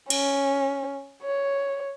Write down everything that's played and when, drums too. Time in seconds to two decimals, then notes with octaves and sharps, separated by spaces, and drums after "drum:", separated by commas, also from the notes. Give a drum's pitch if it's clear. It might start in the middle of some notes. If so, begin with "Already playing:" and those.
0.10 C#4, drum: cymbal
1.23 C#5